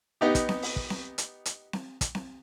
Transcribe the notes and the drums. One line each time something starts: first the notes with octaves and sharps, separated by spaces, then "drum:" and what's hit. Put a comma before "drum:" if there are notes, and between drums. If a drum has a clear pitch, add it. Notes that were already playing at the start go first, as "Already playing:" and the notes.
B3 D#4 G4
drum: kick, hi-hat
drum: snare C4
drum: open hi-hat
drum: kick
drum: snare C4
drum: hi-hat
drum: hi-hat
drum: snare C4
drum: kick, hi-hat
drum: snare C4